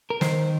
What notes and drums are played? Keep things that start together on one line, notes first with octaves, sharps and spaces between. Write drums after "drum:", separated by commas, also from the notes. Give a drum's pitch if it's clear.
A#4
D#3 C5, drum: snare